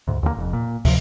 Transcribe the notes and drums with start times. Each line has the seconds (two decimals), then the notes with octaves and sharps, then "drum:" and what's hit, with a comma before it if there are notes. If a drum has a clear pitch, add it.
0.08 D2 G#2
0.23 D#2 D3 E3 A#3
0.37 F1 F2
0.53 A#2
0.85 C3 E3 F3, drum: kick, open hi-hat